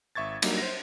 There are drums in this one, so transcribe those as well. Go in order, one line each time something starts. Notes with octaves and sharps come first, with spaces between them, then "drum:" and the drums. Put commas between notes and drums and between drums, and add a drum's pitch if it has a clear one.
G#1 E5 C#6 G#6 A6
F#3 G3 A#3 D4 D#4, drum: cymbal
C5 A#6